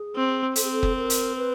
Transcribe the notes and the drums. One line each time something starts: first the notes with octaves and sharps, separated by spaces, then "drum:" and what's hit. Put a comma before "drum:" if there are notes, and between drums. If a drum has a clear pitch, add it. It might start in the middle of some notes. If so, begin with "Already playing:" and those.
Already playing: G#4
C4
C4 A4, drum: hi-hat
G#4
A4
drum: kick
A#4
drum: hi-hat
B4